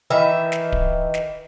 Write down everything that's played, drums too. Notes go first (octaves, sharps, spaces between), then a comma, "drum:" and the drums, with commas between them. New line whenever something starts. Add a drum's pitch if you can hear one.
D#3 E3 E5
drum: snare
drum: kick D1
drum: snare